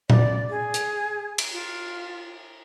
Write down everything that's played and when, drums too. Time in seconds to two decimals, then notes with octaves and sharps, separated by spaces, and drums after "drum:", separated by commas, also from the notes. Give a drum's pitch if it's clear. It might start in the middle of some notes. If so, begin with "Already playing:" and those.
0.10 D5, drum: tom A#2
0.49 G#4
0.74 drum: hi-hat
1.38 drum: cymbal
1.52 F4